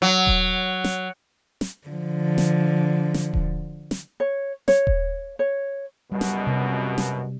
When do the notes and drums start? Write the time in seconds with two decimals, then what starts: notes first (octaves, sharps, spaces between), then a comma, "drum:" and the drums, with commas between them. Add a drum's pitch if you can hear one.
0.02 F#3
0.27 drum: kick D#1
0.84 drum: snare
1.61 drum: snare
1.88 D3 F3
2.38 drum: snare
3.14 drum: snare
3.34 drum: kick D#1
3.91 drum: snare
4.20 C#5
4.68 C#5, drum: snare
4.87 drum: kick D#1
5.39 C#5
6.12 C#2 F#2 B2 G3
6.21 drum: snare
6.47 C3
6.98 drum: snare